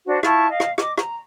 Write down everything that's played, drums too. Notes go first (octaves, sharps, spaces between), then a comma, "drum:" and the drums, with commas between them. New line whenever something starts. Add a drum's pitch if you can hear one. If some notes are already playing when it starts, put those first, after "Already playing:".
D4 F#4 C5 F#5
E4 F4 A5 C#6, drum: rim click
D#5 F5
drum: rim click
D#5 D6, drum: rim click
A#5, drum: rim click